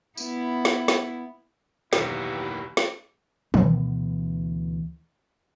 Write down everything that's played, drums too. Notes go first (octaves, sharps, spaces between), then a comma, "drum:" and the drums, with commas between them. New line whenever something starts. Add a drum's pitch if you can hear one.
B3 E4, drum: tambourine
drum: snare
drum: snare
B1 E2 D#3 A#3 E4 F#4 G4 B4, drum: snare
drum: snare
D2 B2 E3 B3, drum: tom